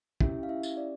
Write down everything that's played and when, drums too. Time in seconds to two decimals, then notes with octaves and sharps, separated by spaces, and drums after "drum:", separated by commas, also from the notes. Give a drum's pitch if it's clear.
0.21 C#4 E4 G4 E5, drum: kick
0.43 F5
0.49 E4 E5
0.63 drum: tambourine
0.77 D5